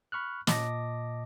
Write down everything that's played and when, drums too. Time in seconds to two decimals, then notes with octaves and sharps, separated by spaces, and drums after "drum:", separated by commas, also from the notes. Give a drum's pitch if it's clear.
0.12 B5 C#6 F6 F#6
0.47 A#2 D#5 A5 D6 A#6, drum: snare